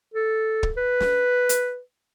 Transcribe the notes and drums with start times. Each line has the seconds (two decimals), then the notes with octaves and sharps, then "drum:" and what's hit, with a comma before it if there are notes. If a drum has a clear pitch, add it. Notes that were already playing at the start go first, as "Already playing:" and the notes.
0.14 A4
0.63 drum: kick
0.77 B4
1.00 drum: snare
1.49 drum: hi-hat